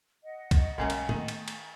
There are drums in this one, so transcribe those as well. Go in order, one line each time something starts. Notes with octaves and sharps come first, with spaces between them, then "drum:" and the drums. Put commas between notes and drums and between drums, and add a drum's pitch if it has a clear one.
D#5 F#5
drum: kick B1, cymbal
B1 F#2 C#3 G#3 A#3 G5 G#5
drum: cymbal
D#3 A3 B3, drum: tom A2
drum: cymbal
drum: cymbal